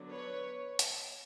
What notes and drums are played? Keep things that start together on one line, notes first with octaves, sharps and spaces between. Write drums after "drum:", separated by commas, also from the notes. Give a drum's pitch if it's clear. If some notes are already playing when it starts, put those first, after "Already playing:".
Already playing: D3 F#3 B3 D4
B4 C#5
drum: hi-hat